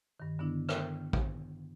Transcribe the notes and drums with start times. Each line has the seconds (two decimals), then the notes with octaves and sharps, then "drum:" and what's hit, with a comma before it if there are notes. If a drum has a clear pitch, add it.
0.20 G2 D#3
0.39 G2 D3 B3 D4 E4
0.69 G5, drum: rim click
1.13 drum: kick